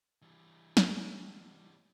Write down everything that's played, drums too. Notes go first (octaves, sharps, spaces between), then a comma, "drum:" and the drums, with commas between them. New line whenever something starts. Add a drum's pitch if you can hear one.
E3 G3
drum: snare